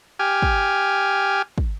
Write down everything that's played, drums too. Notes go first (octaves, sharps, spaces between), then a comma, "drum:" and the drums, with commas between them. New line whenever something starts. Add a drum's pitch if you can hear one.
G4 G#5 F6
drum: kick
drum: kick